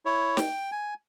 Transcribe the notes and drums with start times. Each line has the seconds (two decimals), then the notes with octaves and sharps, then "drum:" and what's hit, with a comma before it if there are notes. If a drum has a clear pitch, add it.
0.06 E4 C#5
0.37 G5, drum: snare
0.72 G#5